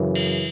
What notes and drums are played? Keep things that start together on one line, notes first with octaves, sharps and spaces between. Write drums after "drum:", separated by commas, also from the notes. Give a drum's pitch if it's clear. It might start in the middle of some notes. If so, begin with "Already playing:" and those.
Already playing: F#2 C#3 E3
drum: cymbal